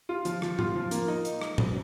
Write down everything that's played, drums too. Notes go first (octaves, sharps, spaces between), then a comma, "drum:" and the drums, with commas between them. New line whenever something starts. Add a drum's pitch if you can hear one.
F4
F3, drum: hi-hat
F3, drum: rim click
F4, drum: tom A2
F3
A#3, drum: hi-hat
D#4
drum: hi-hat
drum: rim click
drum: tom A2